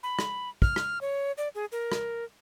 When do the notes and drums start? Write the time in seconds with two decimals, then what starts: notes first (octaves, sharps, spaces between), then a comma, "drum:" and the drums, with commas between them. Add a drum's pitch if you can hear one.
0.03 B5
0.19 drum: rim click
0.62 F6, drum: kick
0.76 drum: rim click
1.01 C#5
1.38 D5
1.55 G#4
1.72 A#4
1.92 drum: rim click